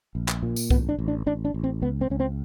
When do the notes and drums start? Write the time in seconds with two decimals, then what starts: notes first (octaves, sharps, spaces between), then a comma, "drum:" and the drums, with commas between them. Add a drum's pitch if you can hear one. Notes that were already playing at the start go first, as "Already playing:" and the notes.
0.15 A#1
0.28 drum: clap
0.43 A#2
0.56 drum: tambourine
0.70 A1 B3, drum: kick C2
0.89 D4
0.98 A1
1.08 D4
1.26 A1 D4
1.45 D4
1.54 A1
1.64 C4
1.82 C#2 B3
2.01 C4
2.10 C#2 C#4
2.20 C4